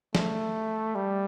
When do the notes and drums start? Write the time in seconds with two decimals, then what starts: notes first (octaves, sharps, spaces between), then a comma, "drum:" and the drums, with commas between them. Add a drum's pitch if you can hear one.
0.15 A3, drum: snare
0.95 G3